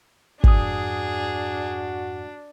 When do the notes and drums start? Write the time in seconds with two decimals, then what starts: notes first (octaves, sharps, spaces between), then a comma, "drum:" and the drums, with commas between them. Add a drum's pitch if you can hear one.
0.44 F2 G#2 D4 F#4 G#4 D#6, drum: kick